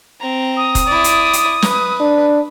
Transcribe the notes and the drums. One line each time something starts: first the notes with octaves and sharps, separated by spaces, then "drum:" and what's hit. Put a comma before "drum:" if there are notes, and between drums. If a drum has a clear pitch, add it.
C4 A#5
D#6
drum: kick, hi-hat
E4 D5
drum: hi-hat
drum: hi-hat
B4, drum: snare
D4